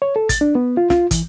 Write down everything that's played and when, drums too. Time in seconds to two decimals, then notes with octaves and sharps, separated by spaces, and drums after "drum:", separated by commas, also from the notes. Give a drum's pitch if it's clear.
0.02 C#5
0.16 A4
0.29 A6, drum: kick, hi-hat
0.41 D4
0.55 B3
0.77 F4
0.90 F4, drum: snare
1.11 E3, drum: kick, hi-hat